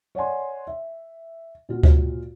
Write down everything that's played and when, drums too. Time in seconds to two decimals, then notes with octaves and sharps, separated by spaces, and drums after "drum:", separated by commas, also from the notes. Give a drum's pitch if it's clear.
0.15 C#5 D5 F#5 G#5 C6
0.67 E5
1.69 A#2 F4 F#4
1.83 drum: kick D2